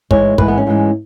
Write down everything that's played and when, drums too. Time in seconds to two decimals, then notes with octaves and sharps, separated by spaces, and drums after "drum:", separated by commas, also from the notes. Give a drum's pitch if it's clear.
0.11 G#2 E3 G#3 C#5, drum: kick
0.38 G#2 E3 G#3 B4, drum: kick
0.48 B3
0.58 C#4
0.67 G#2 E3 G#3